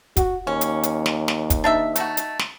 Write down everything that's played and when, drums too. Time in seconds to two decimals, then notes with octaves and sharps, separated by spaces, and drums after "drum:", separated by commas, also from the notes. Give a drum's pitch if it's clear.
0.17 F#4, drum: kick, hi-hat
0.47 D#2 C#4
0.61 drum: hi-hat
0.83 drum: hi-hat
1.06 drum: snare
1.28 drum: snare
1.50 drum: kick, hi-hat
1.64 D4 D#4 E5
1.96 A3 D#4 F#4, drum: hi-hat
2.17 drum: hi-hat
2.39 drum: snare